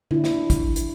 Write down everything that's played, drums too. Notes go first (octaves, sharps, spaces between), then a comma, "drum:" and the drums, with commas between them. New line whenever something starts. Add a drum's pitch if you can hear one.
D4 E4, drum: tom D3
drum: snare
drum: kick, hi-hat
drum: hi-hat